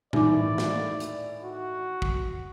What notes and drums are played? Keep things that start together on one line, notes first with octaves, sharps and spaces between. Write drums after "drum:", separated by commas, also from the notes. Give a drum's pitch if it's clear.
A2 D#3 E3 D#4 D5 D6, drum: tom A#2
drum: snare
drum: hi-hat
F#4
drum: kick